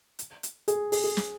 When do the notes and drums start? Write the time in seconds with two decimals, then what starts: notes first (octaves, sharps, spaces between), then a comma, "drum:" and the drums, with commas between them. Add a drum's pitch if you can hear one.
0.19 drum: hi-hat
0.43 drum: hi-hat
0.68 G#4, drum: hi-hat
0.92 G#4, drum: open hi-hat
1.04 G#4
1.17 drum: snare